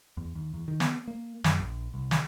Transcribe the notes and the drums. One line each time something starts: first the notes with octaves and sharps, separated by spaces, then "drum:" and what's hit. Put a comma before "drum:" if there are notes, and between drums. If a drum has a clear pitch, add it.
E2
D#2
E2
D#3
B3, drum: snare
A#3
F#2, drum: snare
A#1
C2
drum: snare